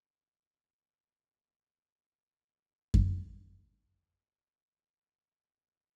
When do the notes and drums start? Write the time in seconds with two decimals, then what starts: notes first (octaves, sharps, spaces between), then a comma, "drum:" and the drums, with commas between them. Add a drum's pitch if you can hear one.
0.91 C2 G#3
1.21 A#2 C#3 E3 A#3 D4 C#5
1.98 E4
2.29 C4
2.94 drum: kick F#2
3.57 G3
3.92 G3
4.22 F#4
4.68 B3
5.23 E3
5.54 A#2